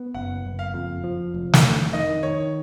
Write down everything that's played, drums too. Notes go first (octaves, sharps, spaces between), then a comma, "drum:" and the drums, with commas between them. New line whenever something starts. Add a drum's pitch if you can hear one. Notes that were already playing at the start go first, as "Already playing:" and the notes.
Already playing: B3
F#1 F#5
F#1
F5
F2
F3
F1
drum: snare
F1
D#3 D#5
D#3 C#5